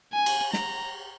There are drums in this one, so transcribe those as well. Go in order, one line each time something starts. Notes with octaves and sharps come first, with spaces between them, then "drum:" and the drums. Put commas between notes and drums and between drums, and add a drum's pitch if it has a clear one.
G#5
drum: cymbal
A#5, drum: snare